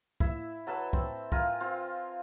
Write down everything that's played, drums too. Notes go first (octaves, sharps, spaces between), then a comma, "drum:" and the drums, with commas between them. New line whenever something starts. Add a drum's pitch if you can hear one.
E4 E5, drum: kick
F#3 A4 B4 E5
C4, drum: kick
F4 A#4 G#5, drum: kick
C4 F4